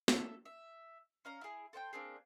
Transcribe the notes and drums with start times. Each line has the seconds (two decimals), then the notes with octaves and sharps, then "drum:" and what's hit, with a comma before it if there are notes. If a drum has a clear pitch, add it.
0.08 A4 E5, drum: snare
0.46 E5
1.25 C#4 F5 A#5
1.41 E4 G#4
1.73 A4 C5 F#5 G5
1.93 A#3 C4 D4 G#4